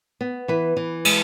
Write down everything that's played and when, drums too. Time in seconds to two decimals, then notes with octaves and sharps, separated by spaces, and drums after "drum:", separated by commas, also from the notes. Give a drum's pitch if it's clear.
0.21 B3
0.48 E3 B4
0.77 E3
1.05 G#3, drum: cymbal